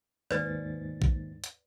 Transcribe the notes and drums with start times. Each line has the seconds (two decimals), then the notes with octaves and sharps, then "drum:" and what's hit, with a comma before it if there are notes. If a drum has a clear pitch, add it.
0.31 D#2 G#2 B4 D5 A6, drum: rim click
1.02 drum: kick
1.44 drum: hi-hat